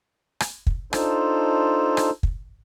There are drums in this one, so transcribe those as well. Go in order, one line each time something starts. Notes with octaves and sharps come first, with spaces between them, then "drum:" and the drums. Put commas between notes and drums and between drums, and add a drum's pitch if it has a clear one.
drum: rim click
drum: kick
D4 D#4 F4 A4 C5, drum: rim click
drum: rim click
drum: kick